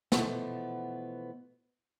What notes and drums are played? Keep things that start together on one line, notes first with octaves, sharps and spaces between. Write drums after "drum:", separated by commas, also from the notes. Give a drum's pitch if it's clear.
B2 E3 F3 A3 B3, drum: snare